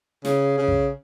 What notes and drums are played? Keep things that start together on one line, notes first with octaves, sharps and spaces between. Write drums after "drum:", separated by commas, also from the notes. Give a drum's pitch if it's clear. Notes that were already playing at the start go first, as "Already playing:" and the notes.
C#3, drum: snare
C#3
drum: kick